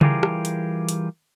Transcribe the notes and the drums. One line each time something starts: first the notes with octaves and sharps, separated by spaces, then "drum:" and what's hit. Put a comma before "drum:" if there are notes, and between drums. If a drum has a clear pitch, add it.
E3 G3 F4 G4 G#4 A#4, drum: tom C#3
drum: rim click
drum: hi-hat
drum: hi-hat